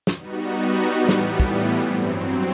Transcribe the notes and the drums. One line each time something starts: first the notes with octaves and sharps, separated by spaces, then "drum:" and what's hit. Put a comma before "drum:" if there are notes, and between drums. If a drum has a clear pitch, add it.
drum: snare
G3 B3 D#4 F#4
A2 E3 G3 B3
drum: snare
drum: kick
G2 F#3 C4